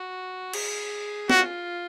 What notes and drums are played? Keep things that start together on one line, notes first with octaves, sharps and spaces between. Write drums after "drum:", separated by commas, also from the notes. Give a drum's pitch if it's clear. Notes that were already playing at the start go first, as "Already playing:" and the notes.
Already playing: F#4
G#4, drum: cymbal
F4 F#4, drum: snare